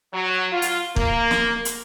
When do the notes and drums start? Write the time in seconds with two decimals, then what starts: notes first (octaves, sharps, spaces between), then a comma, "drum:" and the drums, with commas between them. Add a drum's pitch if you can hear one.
0.14 F#3
0.53 F4
0.62 drum: hi-hat
0.96 A#3, drum: kick
1.31 drum: snare
1.65 drum: hi-hat